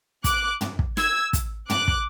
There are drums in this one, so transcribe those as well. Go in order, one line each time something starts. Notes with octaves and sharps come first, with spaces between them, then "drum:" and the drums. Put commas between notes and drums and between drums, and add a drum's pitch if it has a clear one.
D6 F#6, drum: kick, hi-hat
drum: tom
drum: kick
E6 G#6, drum: snare
drum: kick, hi-hat
D6 F#6, drum: tom
drum: kick